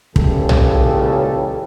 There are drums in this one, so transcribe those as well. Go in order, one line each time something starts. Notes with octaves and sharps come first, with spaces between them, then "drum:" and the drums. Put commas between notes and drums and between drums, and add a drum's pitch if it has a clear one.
C#2 A#2 C#3 E3 G4 A4, drum: kick
drum: tom B1